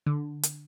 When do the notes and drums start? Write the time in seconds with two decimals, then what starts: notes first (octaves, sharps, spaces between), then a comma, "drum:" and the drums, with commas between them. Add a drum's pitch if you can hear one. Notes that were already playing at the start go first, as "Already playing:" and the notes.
0.06 D3
0.43 drum: hi-hat